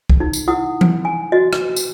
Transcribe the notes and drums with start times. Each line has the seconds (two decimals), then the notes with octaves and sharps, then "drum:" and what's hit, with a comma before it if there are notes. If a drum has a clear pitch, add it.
0.10 drum: kick C2
0.20 D#4
0.33 drum: tambourine
0.48 E4 F#5 D#6
0.81 drum: tom E3
1.05 G#5
1.32 F#4 D#5
1.53 drum: rim click
1.76 drum: tambourine